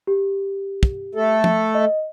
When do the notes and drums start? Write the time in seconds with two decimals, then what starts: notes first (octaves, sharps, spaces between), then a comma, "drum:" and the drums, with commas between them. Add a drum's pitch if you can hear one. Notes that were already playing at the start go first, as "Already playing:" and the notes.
0.07 G4
0.83 drum: kick
1.15 A3 A4
1.44 drum: tom F3
1.75 D#5